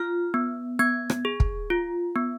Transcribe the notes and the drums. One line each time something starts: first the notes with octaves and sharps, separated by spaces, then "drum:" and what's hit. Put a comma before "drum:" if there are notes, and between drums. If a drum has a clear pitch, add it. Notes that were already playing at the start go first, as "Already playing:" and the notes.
Already playing: F4 F6
B3
B3 G#6
drum: rim click
G#4
drum: kick
F4
B3